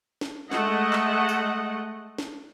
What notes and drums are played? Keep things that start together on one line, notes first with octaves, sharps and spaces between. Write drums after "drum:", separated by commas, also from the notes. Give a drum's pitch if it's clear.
drum: snare
G#3 A3 D#5 F#5, drum: snare
drum: clap
drum: tambourine
drum: snare